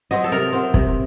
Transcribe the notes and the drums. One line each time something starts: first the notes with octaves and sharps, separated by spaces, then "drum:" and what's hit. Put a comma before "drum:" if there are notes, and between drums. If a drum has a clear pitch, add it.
F#3 C4 D#5
A4
C3 A#4
F#3 C4
C3, drum: kick